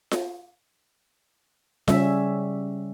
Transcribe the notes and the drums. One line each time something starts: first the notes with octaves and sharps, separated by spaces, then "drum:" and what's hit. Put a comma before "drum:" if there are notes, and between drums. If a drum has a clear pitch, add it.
drum: snare F4
C#3 G3 C#4 E5, drum: snare F4